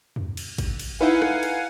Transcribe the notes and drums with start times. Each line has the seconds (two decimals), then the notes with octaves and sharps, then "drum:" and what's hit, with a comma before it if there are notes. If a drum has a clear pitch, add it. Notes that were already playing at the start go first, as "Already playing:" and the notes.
0.16 drum: tom E2
0.37 drum: cymbal
0.58 drum: kick, cymbal
0.79 drum: cymbal
1.01 D#4 E4 B4 F5 F#5 G#5
1.22 drum: rim click
1.43 drum: cymbal